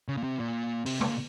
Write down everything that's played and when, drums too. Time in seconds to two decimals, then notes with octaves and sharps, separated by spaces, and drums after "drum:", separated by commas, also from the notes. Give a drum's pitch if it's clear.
0.08 C#3
0.17 A#2
0.24 C3
0.39 A#2
0.86 C3, drum: open hi-hat
1.01 A#2, drum: tom